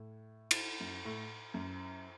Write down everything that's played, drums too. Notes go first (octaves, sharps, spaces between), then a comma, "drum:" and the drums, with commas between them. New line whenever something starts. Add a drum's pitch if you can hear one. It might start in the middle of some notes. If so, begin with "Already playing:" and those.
Already playing: A2
drum: cymbal
F#2
A2
F#2